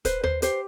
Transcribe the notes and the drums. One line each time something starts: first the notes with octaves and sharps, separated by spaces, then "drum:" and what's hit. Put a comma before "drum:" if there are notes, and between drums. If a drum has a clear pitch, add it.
B4 C5, drum: kick, hi-hat
C5, drum: tom D#2
G4 C5, drum: hi-hat